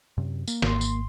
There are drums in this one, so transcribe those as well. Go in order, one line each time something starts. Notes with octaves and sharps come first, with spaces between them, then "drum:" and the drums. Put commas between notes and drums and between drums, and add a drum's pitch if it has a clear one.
F#2 C3
A#3, drum: tambourine
G#1 C6, drum: snare
drum: tambourine